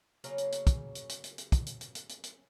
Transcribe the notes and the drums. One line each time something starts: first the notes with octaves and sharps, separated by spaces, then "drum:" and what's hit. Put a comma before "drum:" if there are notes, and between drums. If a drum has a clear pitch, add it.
C#3 F#3 A#3 C#5, drum: hi-hat
drum: hi-hat
drum: hi-hat
drum: kick, hi-hat
drum: hi-hat
drum: hi-hat
drum: hi-hat
drum: hi-hat
drum: kick, hi-hat
drum: hi-hat
drum: hi-hat
drum: hi-hat
drum: hi-hat
drum: hi-hat